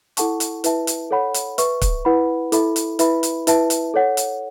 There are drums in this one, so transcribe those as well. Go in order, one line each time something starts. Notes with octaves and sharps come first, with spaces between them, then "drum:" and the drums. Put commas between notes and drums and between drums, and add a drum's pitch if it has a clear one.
E4 A4 F#5 A5 C#6, drum: hi-hat
drum: hi-hat
E4 B4 E5 A5, drum: hi-hat
drum: hi-hat
A4 C#5 F#5 B5
drum: hi-hat
B4 E5 C#6, drum: hi-hat
drum: kick, hi-hat
E4 B4 F#5 B5
E4 A4 E5 B5, drum: hi-hat
drum: hi-hat
E4 B4 E5 B5, drum: hi-hat
drum: hi-hat
E4 B4 E5 A5, drum: hi-hat
drum: hi-hat
A4 C#5 F#5
drum: hi-hat